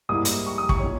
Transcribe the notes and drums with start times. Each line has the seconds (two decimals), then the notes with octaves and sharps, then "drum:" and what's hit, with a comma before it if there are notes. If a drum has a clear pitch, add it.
0.09 G#2 G3 A#3 E4 D#6
0.25 drum: hi-hat
0.47 C#6
0.58 D#6
0.69 C#6, drum: kick
0.79 C#5
0.84 A#2